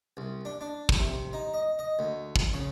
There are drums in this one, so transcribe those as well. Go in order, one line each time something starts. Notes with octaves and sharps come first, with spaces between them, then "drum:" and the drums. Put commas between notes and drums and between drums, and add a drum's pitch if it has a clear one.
C2
D4
D4
drum: kick
C3
D#4
D#5
D#5
D2
drum: kick
C#3